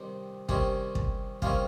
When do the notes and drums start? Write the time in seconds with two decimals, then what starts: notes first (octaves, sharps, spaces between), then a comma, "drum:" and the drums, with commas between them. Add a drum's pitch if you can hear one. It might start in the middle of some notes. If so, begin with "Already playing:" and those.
Already playing: C3 D#3 G3
0.49 C3 D#3 G3 C#4, drum: kick
0.95 drum: kick
1.42 C3 D#3 G3 C#4 F5, drum: kick